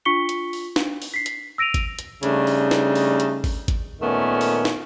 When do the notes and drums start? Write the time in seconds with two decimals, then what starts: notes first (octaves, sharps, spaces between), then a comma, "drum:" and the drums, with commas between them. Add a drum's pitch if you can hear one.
0.05 D4 F4 C#6 B6 C#7 G7
0.29 drum: hi-hat
0.53 drum: open hi-hat
0.76 D4, drum: snare
1.02 drum: open hi-hat
1.14 B6 C7
1.26 drum: hi-hat
1.58 E6 A#6 D7 D#7 F7
1.74 drum: kick, hi-hat
1.99 drum: hi-hat
2.23 C#3 G3 A3 D4 D#4, drum: hi-hat
2.47 drum: open hi-hat
2.71 drum: snare
2.95 drum: open hi-hat
3.20 drum: hi-hat
3.44 drum: kick, open hi-hat
3.68 drum: kick, hi-hat
4.01 A#2 D#3 A3 B3 C#4
4.41 drum: open hi-hat
4.65 drum: snare